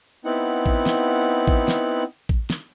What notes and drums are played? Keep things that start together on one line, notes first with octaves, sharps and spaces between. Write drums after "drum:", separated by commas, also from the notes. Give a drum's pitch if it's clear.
B3 C4 D#4 E4 F#5
drum: kick A1
drum: snare
drum: kick A1
drum: snare
drum: kick A1
drum: snare